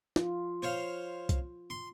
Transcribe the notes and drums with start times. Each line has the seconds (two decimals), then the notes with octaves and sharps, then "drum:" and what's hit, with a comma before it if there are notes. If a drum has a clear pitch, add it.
0.16 F4, drum: snare
0.62 C5 C#5 F5
1.29 drum: kick C2, hi-hat
1.70 C6